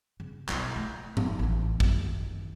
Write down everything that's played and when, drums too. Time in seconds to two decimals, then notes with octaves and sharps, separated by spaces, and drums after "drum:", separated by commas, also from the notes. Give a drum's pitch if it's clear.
0.20 C#3
0.49 B1 E4, drum: clap
0.76 A3
1.17 F#1, drum: tom
1.39 A1 E3
1.80 F#2 D#3, drum: kick